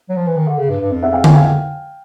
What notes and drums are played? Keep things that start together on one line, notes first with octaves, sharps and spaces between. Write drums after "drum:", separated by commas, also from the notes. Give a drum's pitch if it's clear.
F#3
F3
E3
D#3
D3
C#3
G2
G2
F2
E5 F#5
F5 G5
F#5 G#5, drum: tom D3
F5 G5